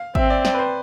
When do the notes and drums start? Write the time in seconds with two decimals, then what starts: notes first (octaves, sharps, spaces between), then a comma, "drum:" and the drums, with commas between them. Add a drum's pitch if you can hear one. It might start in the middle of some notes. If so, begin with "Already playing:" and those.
Already playing: F5
0.15 C4 E5, drum: kick G#1
0.30 D5
0.45 D5, drum: snare
0.54 B4
0.59 C5